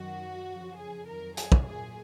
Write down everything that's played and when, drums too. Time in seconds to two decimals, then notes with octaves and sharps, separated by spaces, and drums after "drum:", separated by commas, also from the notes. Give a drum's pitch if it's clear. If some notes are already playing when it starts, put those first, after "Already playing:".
Already playing: F#2 D#3 F#3 F#4
0.48 F2 C#3 F3
0.78 G#4
1.07 F2 D#3 F#3 A#4
1.37 G#4, drum: hi-hat
1.52 drum: kick
1.67 A#2 F#3 G#4